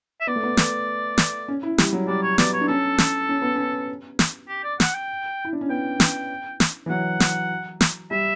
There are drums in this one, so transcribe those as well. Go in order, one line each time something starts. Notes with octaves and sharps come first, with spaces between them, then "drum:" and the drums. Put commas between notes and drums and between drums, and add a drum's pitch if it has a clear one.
E5
B3 D5
A3
B3
drum: snare
drum: snare
C#4
E4
G3, drum: snare
F#3
G3 D5
C#5
B3 D5, drum: snare
C#5
D4
C#4 A4
drum: snare
C#4
B3
C#4
drum: snare
G4
D5
F#5, drum: snare
G5
E4
D4
C#4
B3 G5
drum: snare
drum: snare
E3
F#3 F#5
drum: snare
drum: snare
G3 E5